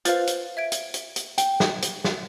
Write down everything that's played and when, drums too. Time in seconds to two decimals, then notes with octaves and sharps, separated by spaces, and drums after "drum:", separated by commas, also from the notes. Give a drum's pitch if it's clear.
0.05 F4 B4 C5 F5, drum: hi-hat
0.27 drum: hi-hat
0.57 E5 G#6 D7
0.72 drum: hi-hat
0.94 drum: hi-hat
1.16 drum: hi-hat
1.38 G5, drum: hi-hat
1.60 drum: snare
1.82 drum: hi-hat
2.04 drum: snare